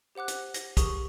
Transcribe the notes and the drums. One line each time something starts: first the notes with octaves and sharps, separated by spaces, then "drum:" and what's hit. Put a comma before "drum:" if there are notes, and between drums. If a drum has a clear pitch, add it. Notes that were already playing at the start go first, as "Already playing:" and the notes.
G4 C5 F#5 D6 F#6
drum: hi-hat
A#6, drum: hi-hat
G4 G#4 A#4 C#6 D#6, drum: kick, hi-hat